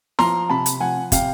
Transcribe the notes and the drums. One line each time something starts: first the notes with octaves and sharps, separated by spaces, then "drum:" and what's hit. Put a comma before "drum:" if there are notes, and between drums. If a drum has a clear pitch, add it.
F3 A#5 C6, drum: snare E4
C3 A5 B5
drum: hi-hat
F3 F#5 G#5
C3 F5 G5, drum: kick, hi-hat